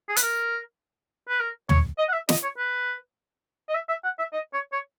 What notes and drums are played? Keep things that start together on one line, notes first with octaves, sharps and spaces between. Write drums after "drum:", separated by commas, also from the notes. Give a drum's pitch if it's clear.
G#4
B4, drum: hi-hat
A#4
B4
A#4
C#5, drum: tom
D#5
F#5
E5
D#5, drum: snare
C#5
B4
D#5
E5
E5
F#5
E5
D#5
C#5
C#5